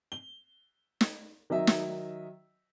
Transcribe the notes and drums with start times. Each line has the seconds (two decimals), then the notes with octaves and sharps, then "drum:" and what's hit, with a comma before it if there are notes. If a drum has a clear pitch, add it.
0.12 G7
1.01 drum: snare
1.50 D#3 F#3 D#5 E5
1.67 drum: snare